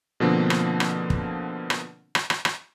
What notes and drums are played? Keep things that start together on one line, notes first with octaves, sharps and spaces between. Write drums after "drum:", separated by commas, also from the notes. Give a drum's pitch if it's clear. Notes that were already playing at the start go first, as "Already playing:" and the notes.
B2 D3 F3 A#3 C4 D4
drum: rim click
drum: rim click
drum: kick
drum: rim click
drum: rim click
drum: rim click
drum: rim click